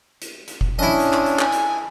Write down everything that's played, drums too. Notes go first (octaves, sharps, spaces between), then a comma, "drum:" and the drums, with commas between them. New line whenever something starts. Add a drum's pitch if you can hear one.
drum: hi-hat
drum: hi-hat
drum: kick F1
C#4 D4 E4 D#5
drum: hi-hat
drum: clap
drum: hi-hat
G#5, drum: clap
drum: hi-hat